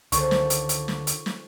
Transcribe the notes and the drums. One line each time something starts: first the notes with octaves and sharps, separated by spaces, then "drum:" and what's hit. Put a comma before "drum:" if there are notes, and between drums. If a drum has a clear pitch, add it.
C#2 D3 D#3 F3 C#4 C#6, drum: hi-hat
drum: snare
drum: hi-hat
drum: hi-hat
drum: snare
drum: hi-hat
drum: snare